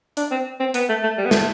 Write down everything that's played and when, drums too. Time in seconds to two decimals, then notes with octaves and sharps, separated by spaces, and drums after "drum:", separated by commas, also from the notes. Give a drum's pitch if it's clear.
0.17 D4, drum: hi-hat
0.31 C4
0.60 C4
0.74 B3, drum: hi-hat
0.89 A3
1.03 A3
1.18 G3
1.25 B3
1.31 A3, drum: snare